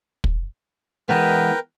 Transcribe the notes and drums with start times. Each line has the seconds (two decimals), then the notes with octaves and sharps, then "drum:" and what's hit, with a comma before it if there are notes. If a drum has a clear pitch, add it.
0.24 drum: kick
1.09 E3 G#3 B3 A#4 B4 G5